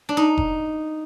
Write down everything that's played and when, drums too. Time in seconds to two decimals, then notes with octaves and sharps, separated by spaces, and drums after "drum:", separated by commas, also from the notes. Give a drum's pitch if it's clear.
0.09 D4
0.17 D#4
0.38 drum: kick F1